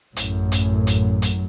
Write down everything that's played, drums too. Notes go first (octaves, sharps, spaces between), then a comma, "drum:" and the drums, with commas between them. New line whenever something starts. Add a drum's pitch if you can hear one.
A1 F#2 A2 F#3, drum: hi-hat
drum: hi-hat
drum: hi-hat
drum: hi-hat